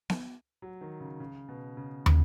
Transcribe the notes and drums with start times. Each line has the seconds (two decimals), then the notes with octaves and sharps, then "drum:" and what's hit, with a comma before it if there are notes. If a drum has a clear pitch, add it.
0.10 drum: snare B3
0.62 F#3
0.81 D#3
1.00 C#3
1.20 C#3
1.49 B2
1.77 C#3
2.06 C#3, drum: tom